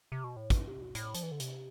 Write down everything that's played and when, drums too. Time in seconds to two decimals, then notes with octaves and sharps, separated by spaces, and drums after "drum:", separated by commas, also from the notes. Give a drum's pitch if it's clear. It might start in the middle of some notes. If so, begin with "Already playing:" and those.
0.12 C3
0.24 B2
0.37 A2
0.50 G2, drum: kick, hi-hat
0.68 C3
0.81 B2
0.95 A2, drum: hi-hat
1.15 F3, drum: hi-hat
1.23 E3
1.32 D3
1.40 C3, drum: hi-hat